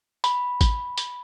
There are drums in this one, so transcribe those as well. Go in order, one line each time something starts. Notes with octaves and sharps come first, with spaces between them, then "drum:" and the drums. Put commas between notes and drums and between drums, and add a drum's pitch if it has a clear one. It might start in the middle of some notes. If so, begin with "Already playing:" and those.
B5, drum: hi-hat
drum: kick A1, hi-hat
drum: hi-hat